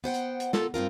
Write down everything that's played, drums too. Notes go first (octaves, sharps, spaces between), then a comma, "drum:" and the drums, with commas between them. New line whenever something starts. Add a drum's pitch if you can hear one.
B3 C5 F#5 G5
drum: hi-hat
drum: hi-hat
F4 A4 A#4, drum: snare
G2 C4 F4 A#4